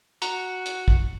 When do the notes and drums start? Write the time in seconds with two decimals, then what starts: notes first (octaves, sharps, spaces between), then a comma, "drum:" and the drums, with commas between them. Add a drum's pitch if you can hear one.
0.22 F#4 A#5, drum: hi-hat
0.66 drum: hi-hat
0.88 drum: kick